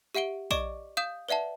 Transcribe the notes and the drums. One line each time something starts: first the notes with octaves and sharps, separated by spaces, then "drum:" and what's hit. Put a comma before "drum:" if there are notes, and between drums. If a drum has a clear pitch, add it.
G4 E5 F#5 D7 G7
D5 D#5 C#6 D6 D7 E7, drum: kick A#1, tambourine
F5 D#6 G6 E7
B4 D5 E5 F#5 A5